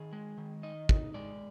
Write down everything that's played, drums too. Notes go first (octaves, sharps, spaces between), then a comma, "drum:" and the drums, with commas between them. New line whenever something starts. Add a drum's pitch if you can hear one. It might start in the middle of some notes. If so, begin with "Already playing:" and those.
Already playing: D#3 G#4
G#3
D#3
D#4 D#5
D#4, drum: kick
G#3 D5